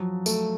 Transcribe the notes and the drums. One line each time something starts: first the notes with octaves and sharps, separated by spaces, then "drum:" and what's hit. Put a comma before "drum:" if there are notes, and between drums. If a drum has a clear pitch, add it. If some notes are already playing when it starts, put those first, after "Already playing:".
Already playing: F3 F#3
A3, drum: tambourine